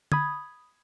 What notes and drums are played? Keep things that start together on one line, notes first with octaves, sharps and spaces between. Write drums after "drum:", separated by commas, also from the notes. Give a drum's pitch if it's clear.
B5 D#6 G#6, drum: tom